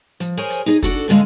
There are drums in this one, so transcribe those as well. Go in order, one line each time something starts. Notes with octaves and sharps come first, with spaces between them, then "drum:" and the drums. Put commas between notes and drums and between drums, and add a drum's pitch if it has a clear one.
F3, drum: hi-hat
G#4 A#4 C5 C#5 G#5
drum: hi-hat
D#4 G#4 D#5
D4 F#4 A4, drum: kick, hi-hat
D2 A2 D3 G#3 F5